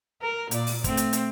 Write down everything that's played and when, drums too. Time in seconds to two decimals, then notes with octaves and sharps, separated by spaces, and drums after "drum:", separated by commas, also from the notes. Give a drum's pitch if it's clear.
0.22 A#4
0.51 A#2 D5, drum: hi-hat
0.67 drum: open hi-hat
0.84 A3 C4, drum: kick, hi-hat
0.97 drum: hi-hat
1.13 drum: hi-hat